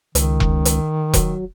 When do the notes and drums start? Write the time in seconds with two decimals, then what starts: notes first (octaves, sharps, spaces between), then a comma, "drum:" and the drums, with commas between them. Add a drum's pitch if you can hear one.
0.15 C#2 D#3, drum: hi-hat
0.40 drum: kick E1
0.65 drum: hi-hat
1.14 F#3, drum: kick E1, hi-hat